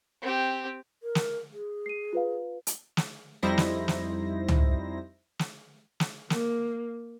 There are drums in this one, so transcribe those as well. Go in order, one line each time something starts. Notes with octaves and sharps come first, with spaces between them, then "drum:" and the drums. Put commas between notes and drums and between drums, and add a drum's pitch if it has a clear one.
C4 G4
A#4
drum: snare
G#4
C7 D#7
F4 B4 F5
drum: hi-hat
drum: snare
F2 G3 D#4 E4 C5 A#6
drum: snare
drum: snare
drum: tom C#2
drum: snare
drum: snare
A#3, drum: snare